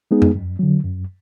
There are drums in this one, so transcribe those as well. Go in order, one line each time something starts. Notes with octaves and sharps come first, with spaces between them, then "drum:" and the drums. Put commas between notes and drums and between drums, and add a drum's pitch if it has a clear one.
G#3 B3 D#4 G#4
drum: tom F2
F#2
D3 F#3
F#2